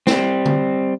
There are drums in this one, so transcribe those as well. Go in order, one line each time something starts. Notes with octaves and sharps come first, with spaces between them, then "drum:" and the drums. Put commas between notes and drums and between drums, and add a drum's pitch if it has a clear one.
G3 C4, drum: snare
drum: tom D3